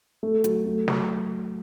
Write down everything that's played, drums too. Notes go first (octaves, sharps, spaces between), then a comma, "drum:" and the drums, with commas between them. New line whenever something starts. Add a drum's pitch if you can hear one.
A3
F#3, drum: hi-hat
A3
F#3, drum: snare